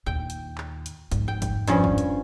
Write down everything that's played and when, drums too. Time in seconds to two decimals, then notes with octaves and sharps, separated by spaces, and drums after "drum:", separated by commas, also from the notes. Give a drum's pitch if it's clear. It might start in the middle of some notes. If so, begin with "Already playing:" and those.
0.06 D#2 A#2 G5
0.30 drum: hi-hat
0.58 drum: clap
0.86 drum: hi-hat
1.12 F2 G#2, drum: kick, hi-hat
1.28 G5
1.42 drum: kick, hi-hat
1.68 G2 F3 C#4, drum: hi-hat
1.84 drum: kick
1.98 drum: hi-hat